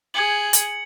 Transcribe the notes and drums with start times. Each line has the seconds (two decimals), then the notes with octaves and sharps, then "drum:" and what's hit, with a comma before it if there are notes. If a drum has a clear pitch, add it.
0.14 G#4 G#6 C#7 F#7
0.53 drum: hi-hat